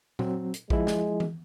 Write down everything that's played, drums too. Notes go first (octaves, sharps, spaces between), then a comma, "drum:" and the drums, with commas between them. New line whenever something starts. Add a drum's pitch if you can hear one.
F#3 C4, drum: tom A#2
drum: hi-hat
F3 G#3 E4, drum: kick A1
drum: snare
drum: tom E3